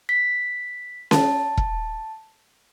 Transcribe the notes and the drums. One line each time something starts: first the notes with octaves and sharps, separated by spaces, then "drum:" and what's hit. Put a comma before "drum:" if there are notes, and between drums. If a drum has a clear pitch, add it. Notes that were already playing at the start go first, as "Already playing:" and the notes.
B6
A5, drum: snare C#4
drum: kick E1